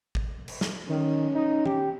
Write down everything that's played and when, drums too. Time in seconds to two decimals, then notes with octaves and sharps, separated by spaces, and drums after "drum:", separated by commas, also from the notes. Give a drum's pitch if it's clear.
0.15 drum: kick A1
0.48 drum: cymbal
0.61 drum: snare
0.89 D#3 C#4
1.35 D#4
1.66 G4, drum: tom D#3